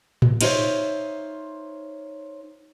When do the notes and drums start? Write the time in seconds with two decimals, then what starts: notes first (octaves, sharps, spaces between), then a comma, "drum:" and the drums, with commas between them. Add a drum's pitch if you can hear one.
0.22 drum: tom A2
0.41 D#4 F4 A#4 C5 C#5 E5, drum: cymbal